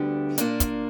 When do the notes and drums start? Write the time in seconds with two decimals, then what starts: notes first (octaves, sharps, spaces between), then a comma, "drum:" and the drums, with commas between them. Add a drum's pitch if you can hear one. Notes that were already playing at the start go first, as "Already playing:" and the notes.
Already playing: D2 D3 G3 B3 D4
0.38 A#2 A#3 D4, drum: hi-hat
0.60 drum: kick, hi-hat